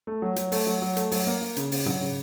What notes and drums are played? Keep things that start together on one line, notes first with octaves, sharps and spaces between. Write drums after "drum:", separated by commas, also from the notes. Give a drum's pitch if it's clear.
A3
F#3
F#3, drum: hi-hat
A3, drum: open hi-hat
F#3
F#3
A3, drum: hi-hat
F#3, drum: open hi-hat
A#3
A#3
C#3, drum: hi-hat
C#3, drum: open hi-hat
F#3, drum: tom
C#3